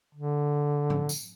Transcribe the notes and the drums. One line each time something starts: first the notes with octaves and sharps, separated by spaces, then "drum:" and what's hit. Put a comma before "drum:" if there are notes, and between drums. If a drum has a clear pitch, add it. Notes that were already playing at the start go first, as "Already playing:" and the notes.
D3
drum: tom G#2
drum: tambourine